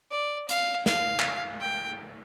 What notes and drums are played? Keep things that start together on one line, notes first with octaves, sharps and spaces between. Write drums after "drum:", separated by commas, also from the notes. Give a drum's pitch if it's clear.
D5
F5, drum: hi-hat
F5, drum: snare
drum: clap
G5